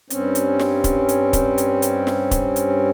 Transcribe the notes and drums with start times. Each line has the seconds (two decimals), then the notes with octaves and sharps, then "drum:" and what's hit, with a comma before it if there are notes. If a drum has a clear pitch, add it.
0.10 G2 C4 C#4, drum: hi-hat
0.35 drum: hi-hat
0.59 drum: snare
0.84 drum: kick, hi-hat
1.09 drum: hi-hat
1.33 drum: kick, hi-hat
1.58 drum: hi-hat
1.82 drum: hi-hat
2.07 drum: snare
2.31 drum: kick, hi-hat
2.56 drum: hi-hat